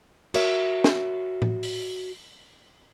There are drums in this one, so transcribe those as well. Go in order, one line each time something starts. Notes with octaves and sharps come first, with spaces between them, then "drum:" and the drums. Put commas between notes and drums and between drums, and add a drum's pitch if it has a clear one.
F#4 A#4 C#5 E5, drum: cymbal
drum: snare
drum: tom A2
drum: open hi-hat